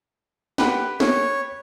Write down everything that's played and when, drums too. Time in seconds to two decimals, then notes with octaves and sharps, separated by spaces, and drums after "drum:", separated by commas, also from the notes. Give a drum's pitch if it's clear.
0.58 G4 B4 F#5, drum: snare
1.00 C#5, drum: snare